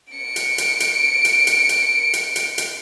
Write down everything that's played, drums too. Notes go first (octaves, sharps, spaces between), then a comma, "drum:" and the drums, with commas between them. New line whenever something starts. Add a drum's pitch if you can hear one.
C#7 D7
drum: hi-hat
drum: hi-hat
drum: hi-hat
drum: hi-hat
drum: hi-hat
drum: hi-hat
drum: hi-hat
drum: hi-hat
drum: hi-hat